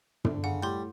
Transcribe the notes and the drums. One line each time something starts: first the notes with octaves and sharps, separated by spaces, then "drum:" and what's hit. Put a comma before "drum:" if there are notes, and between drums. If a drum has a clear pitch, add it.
D3, drum: tom
C#3 F#5
A2 G3 C6 G6